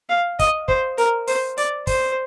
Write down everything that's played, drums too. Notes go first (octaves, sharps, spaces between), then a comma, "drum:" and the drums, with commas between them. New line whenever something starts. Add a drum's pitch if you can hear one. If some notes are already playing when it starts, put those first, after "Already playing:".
F5
D#5, drum: kick, hi-hat
C5, drum: kick
A#4, drum: hi-hat
C5, drum: open hi-hat
D5, drum: hi-hat
C5, drum: kick, open hi-hat